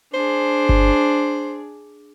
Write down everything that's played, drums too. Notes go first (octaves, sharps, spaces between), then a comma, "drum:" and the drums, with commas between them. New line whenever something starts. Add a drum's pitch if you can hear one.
D4 G#4 C5
drum: kick G1